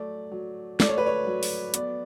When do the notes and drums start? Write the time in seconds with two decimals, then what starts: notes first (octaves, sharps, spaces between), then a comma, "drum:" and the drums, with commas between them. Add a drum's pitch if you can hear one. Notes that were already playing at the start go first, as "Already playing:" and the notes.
Already playing: F#3 A3 D5
0.31 F#3
0.80 A3 D5, drum: snare
0.88 C#5
0.98 B4
1.06 C#5
1.27 F#3
1.43 drum: open hi-hat
1.74 B3 D5, drum: hi-hat